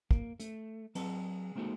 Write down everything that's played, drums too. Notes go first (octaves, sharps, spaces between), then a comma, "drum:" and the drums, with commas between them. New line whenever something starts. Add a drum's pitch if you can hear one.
A#3, drum: kick
A3, drum: hi-hat
F#3 C4 A5, drum: cymbal
G#3 A#3 C4 D#4 F#4 A4